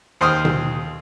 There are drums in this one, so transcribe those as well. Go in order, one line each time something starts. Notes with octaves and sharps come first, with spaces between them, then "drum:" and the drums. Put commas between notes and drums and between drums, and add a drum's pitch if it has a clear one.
D#2 C5 G5 D#6 F6
drum: tom B2